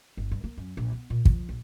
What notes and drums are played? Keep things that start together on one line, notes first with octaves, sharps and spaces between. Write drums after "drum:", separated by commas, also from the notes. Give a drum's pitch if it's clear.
G1
G2
A#3
F#2
A#1
B3
A#2
F3, drum: kick
A#1